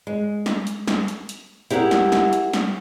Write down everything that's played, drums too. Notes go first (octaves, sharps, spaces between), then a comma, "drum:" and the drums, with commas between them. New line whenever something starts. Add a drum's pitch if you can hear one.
G#3
drum: snare
drum: hi-hat
drum: snare
drum: hi-hat
drum: hi-hat
E4 G4 G#4 A#4 F#5, drum: hi-hat
drum: snare
drum: snare
drum: hi-hat
drum: snare